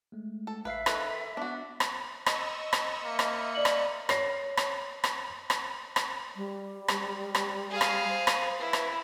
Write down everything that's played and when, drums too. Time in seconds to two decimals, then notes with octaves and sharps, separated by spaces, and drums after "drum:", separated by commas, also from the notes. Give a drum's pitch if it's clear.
0.12 G#3 A3
0.47 A4
0.65 A1 B4 E5 F5 C7
0.86 D#3 A4 B4, drum: rim click
1.37 B3 D4 F#4
1.80 drum: rim click
2.26 D#5 C#6 E6, drum: rim click
2.73 drum: rim click
3.05 A#3 D#5 E5 C#7
3.19 drum: rim click
3.55 D5 F#7
3.65 drum: rim click
4.09 C#5 A#6 C7, drum: rim click
4.57 drum: rim click
5.04 drum: rim click
5.50 drum: rim click
5.96 drum: rim click
6.36 G3
6.88 drum: rim click
7.35 drum: rim click
7.71 G#4 F5
7.81 drum: rim click
8.08 C5
8.27 drum: rim click
8.59 E4 B4
8.73 drum: rim click